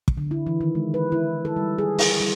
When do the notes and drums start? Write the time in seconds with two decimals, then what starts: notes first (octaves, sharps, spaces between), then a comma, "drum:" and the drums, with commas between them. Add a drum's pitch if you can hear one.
0.08 drum: kick
0.17 D3
0.31 E4
0.47 E3
0.61 D#3
0.75 G#3
0.94 B4
1.12 E4
1.45 A4
1.56 G3
1.79 G#4
1.99 G#4, drum: open hi-hat
2.20 G3